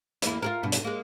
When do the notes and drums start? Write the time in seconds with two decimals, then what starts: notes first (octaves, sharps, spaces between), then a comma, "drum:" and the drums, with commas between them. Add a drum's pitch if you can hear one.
0.22 E2 A#3 E4, drum: hi-hat
0.42 F4 G#4 A#4
0.63 G2 B2
0.72 drum: hi-hat
0.84 G#3 A#3